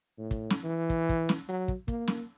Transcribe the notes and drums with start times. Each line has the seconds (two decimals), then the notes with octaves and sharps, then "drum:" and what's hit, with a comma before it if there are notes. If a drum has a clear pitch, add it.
0.19 A2
0.31 drum: kick, hi-hat
0.50 drum: snare
0.64 E3
0.90 drum: kick, hi-hat
1.09 drum: kick, hi-hat
1.29 drum: snare
1.49 F#3, drum: hi-hat
1.68 drum: kick
1.88 A#3, drum: kick, hi-hat
2.08 drum: snare